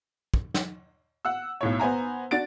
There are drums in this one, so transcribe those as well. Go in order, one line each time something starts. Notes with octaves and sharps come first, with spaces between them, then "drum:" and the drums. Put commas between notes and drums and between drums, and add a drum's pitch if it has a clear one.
drum: kick
drum: snare
F#5 E6
B1 A2 C#5
B3 C5 G#5 A#5
D4 F#4 A6 D7